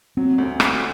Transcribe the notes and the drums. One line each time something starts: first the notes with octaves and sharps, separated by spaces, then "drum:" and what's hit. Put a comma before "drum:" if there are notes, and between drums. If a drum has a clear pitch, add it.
F#3 C4
D2
D2, drum: rim click